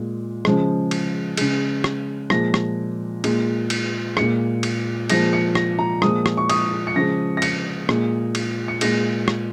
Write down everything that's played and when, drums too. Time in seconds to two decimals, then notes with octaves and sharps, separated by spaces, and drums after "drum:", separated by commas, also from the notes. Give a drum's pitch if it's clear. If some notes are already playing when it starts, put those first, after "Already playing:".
Already playing: A#2 G#3
0.45 C#3 F3 G#3, drum: rim click
0.91 drum: cymbal
1.37 C#3 G#3, drum: cymbal
1.84 drum: rim click
2.30 A#2 F3 G#3 A#6, drum: rim click
2.54 drum: rim click
3.24 A#2 G#3, drum: cymbal
3.70 drum: cymbal
4.17 A#2 G#3 C#7, drum: rim click
4.63 drum: cymbal
5.09 A#2 F3 G#3 A#6, drum: cymbal
5.33 C#7
5.55 A#6, drum: rim click
5.79 A#5
6.02 A#2 F3 G#3 D#6, drum: rim click
6.26 drum: rim click
6.37 C#6
6.50 D#6, drum: cymbal
6.87 C#7
6.96 C#3 F3 G#3 A#6
7.37 A#6
7.42 C#7, drum: cymbal
7.89 A#2 G#3, drum: rim click
8.35 drum: cymbal
8.68 C#7
8.81 A#2 G#3 A#6, drum: cymbal
9.28 drum: rim click